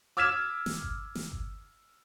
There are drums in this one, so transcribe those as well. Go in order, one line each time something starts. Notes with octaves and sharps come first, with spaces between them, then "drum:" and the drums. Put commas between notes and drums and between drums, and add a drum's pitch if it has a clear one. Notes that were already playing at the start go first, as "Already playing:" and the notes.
D6 E6 F6 G#6 B6 E7
drum: snare
drum: kick G1
drum: snare
drum: kick G1